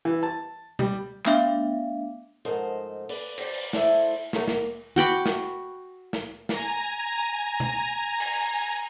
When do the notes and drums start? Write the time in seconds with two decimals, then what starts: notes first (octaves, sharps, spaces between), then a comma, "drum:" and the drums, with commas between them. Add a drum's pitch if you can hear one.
0.05 E3
0.23 A5
0.79 G3, drum: tom B2
1.25 A3 B3 D4 E5 F5 D6, drum: clap
2.45 G#2 F3 A3 A#4 C5 D#5, drum: hi-hat
3.09 B4 D5, drum: open hi-hat
3.38 C5 D5, drum: cymbal
3.54 drum: open hi-hat
3.73 A3 E4 C5 D5, drum: snare
4.33 C#3 F#3 A3 A#3 G4 A#4, drum: snare
4.48 G#3 A#3, drum: snare
4.96 F#4 G5 B5 D6
5.26 drum: snare
6.13 drum: snare
6.49 G#5 A#5, drum: snare
7.60 drum: tom B2
8.20 drum: cymbal
8.54 drum: tambourine